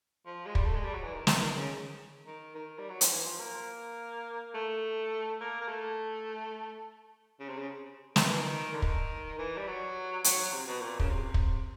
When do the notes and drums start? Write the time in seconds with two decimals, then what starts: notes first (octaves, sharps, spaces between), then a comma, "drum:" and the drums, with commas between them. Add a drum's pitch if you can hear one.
0.26 F3
0.46 G#3
0.55 G3, drum: kick
0.65 A3
0.74 G#3
0.84 G3
0.93 F#3
1.03 E3
1.13 D#3
1.27 D#3, drum: snare
1.41 D#3
1.56 C#3
2.27 D#3
2.55 D#3
2.78 G3
2.89 F#3
3.01 F3, drum: hi-hat
3.11 E3
3.26 F3
3.40 A#3
4.54 A3
5.40 A#3
5.61 A#3
5.68 A3
7.39 C#3
7.49 C3
7.58 C#3
8.16 D#3, drum: snare
8.25 E3
8.39 D#3
8.73 D3
8.82 D#3, drum: kick
9.38 E3
9.57 G3
9.67 F#3
10.24 F#3, drum: hi-hat
10.53 C3
10.67 B2
10.81 A#2
11.00 C#3, drum: kick
11.10 C3
11.34 drum: kick